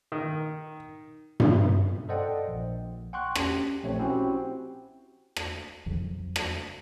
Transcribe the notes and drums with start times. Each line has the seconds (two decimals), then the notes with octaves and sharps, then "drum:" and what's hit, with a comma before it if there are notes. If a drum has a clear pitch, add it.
0.12 D#3
1.40 drum: tom G2
2.09 A4 C5 D5 D#5 F#5 G5
2.48 A#1
3.13 F#5 G5 C6 C#6 F#6
3.35 C#4 G4, drum: rim click
3.83 A#1 A3 C4 C#5
3.99 C4 C#4 E4 F#4 G4
5.36 drum: rim click
5.86 F2 C#3 F3 F#3
6.36 drum: rim click